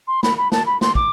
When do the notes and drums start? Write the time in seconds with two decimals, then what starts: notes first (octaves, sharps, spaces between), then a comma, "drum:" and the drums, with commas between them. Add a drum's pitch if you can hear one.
0.08 C6
0.23 B5, drum: snare
0.38 B5
0.52 A5, drum: snare
0.66 B5
0.81 C6, drum: snare
0.95 D6, drum: kick